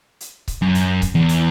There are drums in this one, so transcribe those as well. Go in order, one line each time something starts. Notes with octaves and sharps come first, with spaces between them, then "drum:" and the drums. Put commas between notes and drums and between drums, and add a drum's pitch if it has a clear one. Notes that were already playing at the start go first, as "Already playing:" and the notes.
drum: hi-hat
drum: kick C#1, hi-hat
F#2
drum: hi-hat
drum: kick C#1, hi-hat
E2
drum: hi-hat